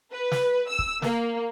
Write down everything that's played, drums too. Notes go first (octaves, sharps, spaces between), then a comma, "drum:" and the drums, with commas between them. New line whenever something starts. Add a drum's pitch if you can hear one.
B4
drum: snare
E6
drum: kick
A#3, drum: snare